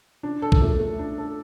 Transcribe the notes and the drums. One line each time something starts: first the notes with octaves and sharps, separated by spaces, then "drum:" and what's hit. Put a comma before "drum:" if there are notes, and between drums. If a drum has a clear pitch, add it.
D4
A4
drum: kick
A3
A3
D4
A4